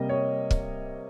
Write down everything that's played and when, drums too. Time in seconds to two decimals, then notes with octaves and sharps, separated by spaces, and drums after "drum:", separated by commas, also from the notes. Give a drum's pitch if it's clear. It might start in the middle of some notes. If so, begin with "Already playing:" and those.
Already playing: C3 G3 A#3 D#5
0.09 C#5
0.51 drum: kick